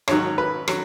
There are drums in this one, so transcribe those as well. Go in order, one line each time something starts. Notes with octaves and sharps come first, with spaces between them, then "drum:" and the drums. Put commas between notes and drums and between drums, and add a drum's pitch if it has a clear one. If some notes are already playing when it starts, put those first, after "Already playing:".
G#1 G#2 F#3 C#5, drum: rim click
B4
F#3, drum: rim click